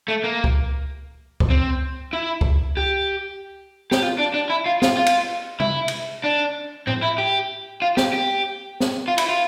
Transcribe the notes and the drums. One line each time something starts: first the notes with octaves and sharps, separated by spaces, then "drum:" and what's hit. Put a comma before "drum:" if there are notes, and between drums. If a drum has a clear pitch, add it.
A3
A#3
drum: kick C#2
drum: kick C#2
C4
E4
drum: kick C#2
G4
G4, drum: snare
F4
D4
D4
E4
F4
F4, drum: snare
F4
drum: cymbal
E4, drum: tom
drum: cymbal
D4
C4, drum: tom A2
E4
G4
F4
G4, drum: snare
G4
drum: snare
F4
E4, drum: cymbal
F4